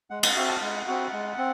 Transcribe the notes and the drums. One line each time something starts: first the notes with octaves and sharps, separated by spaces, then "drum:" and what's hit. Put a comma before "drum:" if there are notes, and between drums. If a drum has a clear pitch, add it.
G#3 F#5
F#5, drum: cymbal
C4 F#4 E5
A5
G#3 F#5
C4 F#4
G#3
C4